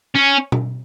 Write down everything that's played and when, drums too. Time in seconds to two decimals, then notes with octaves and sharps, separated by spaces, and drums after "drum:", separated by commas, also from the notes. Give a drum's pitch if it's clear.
0.15 C#4
0.52 drum: tom B2